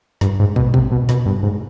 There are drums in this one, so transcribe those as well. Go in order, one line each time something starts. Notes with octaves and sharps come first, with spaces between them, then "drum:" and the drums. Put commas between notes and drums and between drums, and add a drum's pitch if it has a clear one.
G2, drum: snare
G#2
B2, drum: kick
C3, drum: kick
B2
B2, drum: snare
G2
G#2